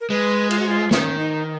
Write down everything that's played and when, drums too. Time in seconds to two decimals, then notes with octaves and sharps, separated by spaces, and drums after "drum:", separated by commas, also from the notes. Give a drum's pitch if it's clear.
0.01 A#4
0.10 G#3 B4
0.50 F4, drum: cymbal
0.59 F#4
0.69 F4
0.91 D#3 C#4, drum: snare
1.19 D#4